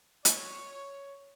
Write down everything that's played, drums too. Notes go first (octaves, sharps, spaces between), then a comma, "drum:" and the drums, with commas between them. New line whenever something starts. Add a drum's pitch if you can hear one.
C#5, drum: hi-hat